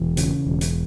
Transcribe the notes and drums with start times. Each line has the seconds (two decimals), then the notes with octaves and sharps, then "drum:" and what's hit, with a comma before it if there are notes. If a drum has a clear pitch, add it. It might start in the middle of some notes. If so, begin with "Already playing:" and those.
Already playing: E1 E3
0.17 C#3, drum: hi-hat
0.47 E1
0.61 drum: hi-hat